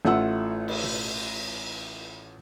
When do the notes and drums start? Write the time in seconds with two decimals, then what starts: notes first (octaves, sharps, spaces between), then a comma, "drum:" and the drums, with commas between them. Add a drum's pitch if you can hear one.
0.05 A1 A3 F4 F#5 E6
0.68 drum: cymbal
0.84 drum: tom B2